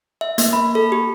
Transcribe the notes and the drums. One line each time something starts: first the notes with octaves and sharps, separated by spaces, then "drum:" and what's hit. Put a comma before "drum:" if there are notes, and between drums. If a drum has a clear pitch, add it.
E5
A#3, drum: hi-hat
B5
A4
G4